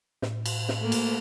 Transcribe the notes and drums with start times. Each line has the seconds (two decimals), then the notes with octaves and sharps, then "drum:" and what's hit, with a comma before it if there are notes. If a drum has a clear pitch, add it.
0.22 A2, drum: snare
0.46 drum: cymbal
0.69 drum: snare
0.79 A3 A#3
0.92 drum: cymbal